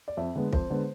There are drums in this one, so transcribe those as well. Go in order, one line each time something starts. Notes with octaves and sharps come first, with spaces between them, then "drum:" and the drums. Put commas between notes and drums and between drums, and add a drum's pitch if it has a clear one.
D5
F2 E5
D3 G#3 B3
F2 C5, drum: kick
D3 G#3 B3